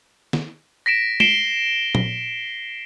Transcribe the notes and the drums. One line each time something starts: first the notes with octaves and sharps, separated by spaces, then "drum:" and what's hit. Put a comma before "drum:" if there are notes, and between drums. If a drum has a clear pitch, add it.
drum: snare
A#6 B6 D7 E7
C7 D7 E7 G7, drum: tom G#3
drum: tom A#2